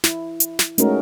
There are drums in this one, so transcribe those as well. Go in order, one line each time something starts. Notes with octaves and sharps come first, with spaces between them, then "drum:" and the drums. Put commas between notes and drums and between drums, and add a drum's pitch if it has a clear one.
E4, drum: snare
drum: hi-hat
drum: snare
G#3 A3 C#4 D#4 F#4 A#4, drum: hi-hat